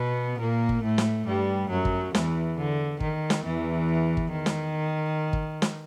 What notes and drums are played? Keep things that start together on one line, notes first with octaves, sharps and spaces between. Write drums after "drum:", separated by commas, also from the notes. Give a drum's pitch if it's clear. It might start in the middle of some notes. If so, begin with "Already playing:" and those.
Already playing: B2 B3
A#2 A#3
drum: kick
A2 A3
drum: snare
G2 G3
F#2 F#3
drum: kick
E2 E3, drum: snare
D3
D#3, drum: kick
drum: snare
E2 E3
drum: kick
D#3
drum: snare
drum: kick
drum: snare